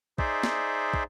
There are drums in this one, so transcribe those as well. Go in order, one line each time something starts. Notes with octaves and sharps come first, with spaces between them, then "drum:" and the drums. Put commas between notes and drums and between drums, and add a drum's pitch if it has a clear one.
D#4 G#4 C5 D5 E5, drum: kick
drum: snare
drum: kick